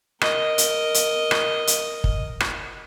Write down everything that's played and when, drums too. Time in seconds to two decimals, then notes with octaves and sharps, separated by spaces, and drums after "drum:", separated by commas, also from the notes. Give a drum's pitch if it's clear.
0.21 A#4 D#5, drum: rim click
0.58 drum: hi-hat
0.94 drum: hi-hat
1.31 drum: rim click
1.67 drum: hi-hat
2.04 drum: kick
2.40 drum: rim click